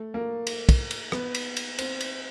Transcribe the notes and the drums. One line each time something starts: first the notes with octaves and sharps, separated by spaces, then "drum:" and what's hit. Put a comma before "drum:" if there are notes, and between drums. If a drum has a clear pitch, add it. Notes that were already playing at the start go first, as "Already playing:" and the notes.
Already playing: A3
A#3
drum: cymbal
drum: kick, cymbal
drum: cymbal
B3, drum: rim click
drum: cymbal
drum: cymbal
C4, drum: cymbal
drum: cymbal